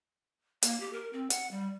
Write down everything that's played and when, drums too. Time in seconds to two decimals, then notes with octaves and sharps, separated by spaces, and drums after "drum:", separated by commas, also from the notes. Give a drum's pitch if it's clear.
0.63 A#3, drum: hi-hat
0.80 G4
0.93 A#4
1.13 C4
1.30 F#5, drum: hi-hat
1.51 G3